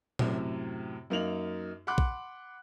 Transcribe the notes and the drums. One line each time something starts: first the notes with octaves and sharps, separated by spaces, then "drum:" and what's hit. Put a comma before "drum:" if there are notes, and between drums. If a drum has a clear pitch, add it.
F#2 A2 C3, drum: tom
F#2 A#3 D#4 F7 F#7
F#5 B5 C6 D6 F#6
drum: kick